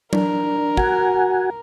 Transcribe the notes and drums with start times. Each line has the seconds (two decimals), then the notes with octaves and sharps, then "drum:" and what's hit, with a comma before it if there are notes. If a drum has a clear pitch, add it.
0.13 D4 A#4, drum: tom F#3
0.77 F#4 F#5 G#5, drum: kick